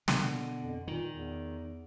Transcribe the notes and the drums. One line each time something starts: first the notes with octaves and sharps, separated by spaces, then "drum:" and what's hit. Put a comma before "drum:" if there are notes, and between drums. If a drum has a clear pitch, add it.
B2 D3, drum: snare
F2
A#2 D#3
E2